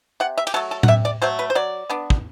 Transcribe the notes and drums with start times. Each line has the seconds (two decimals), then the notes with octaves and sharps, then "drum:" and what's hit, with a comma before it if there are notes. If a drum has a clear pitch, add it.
0.20 C3 F#5
0.38 E5
0.47 G4, drum: cymbal
0.54 F#3 A3 A4
0.71 A4
0.83 F#5, drum: tom A2
0.88 C3 E5
1.05 D5
1.22 F#3 A3 C5
1.39 B4
1.50 C5
1.55 F#3 D5
1.90 B3 D4
2.10 drum: kick